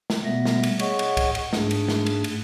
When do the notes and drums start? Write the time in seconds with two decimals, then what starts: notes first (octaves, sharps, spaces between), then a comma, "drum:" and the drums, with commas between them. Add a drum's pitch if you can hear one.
0.10 drum: snare
0.24 B2 G3 A3 B3 E5 A#6
0.45 drum: snare
0.63 drum: cymbal
0.79 G#4 C#5 D#5 F#5 C#6, drum: cymbal
0.99 drum: cymbal
1.17 drum: kick C2, cymbal
1.35 drum: cymbal
1.53 G#2 A3 D4 G#4, drum: snare
1.71 drum: cymbal
1.88 drum: snare
2.06 drum: cymbal
2.24 drum: cymbal